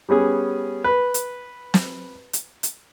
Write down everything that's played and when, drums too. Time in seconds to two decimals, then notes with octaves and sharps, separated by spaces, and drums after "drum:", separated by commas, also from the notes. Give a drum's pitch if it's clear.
0.09 G3 B3 C#4 G#4
0.84 B4
1.14 drum: hi-hat
1.74 drum: snare
2.33 drum: hi-hat
2.63 drum: hi-hat